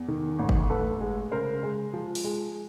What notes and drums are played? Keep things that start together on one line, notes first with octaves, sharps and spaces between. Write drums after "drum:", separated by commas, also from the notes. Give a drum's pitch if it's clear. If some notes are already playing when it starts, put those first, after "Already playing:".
Already playing: E2
D#3
A1
drum: kick G1
A1 A4 B4
G#3
C#3 A#4 C5
G#3
F3
drum: open hi-hat
G#3